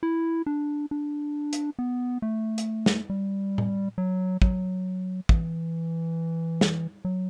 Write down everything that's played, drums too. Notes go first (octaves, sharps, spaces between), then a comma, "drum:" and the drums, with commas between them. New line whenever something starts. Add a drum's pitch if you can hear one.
E4
D4
D4
drum: hi-hat
B3
A3
drum: hi-hat
drum: snare
G3
drum: tom A2
F#3
F#3, drum: kick
E3, drum: kick
drum: snare
F#3